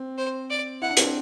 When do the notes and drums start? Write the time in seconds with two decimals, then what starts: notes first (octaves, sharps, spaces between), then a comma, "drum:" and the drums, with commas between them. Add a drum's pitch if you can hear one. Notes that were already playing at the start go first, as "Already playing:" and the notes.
Already playing: C4
0.18 C5
0.50 D5
0.82 E4 F#5
0.89 D4
0.97 C4, drum: hi-hat
1.03 D4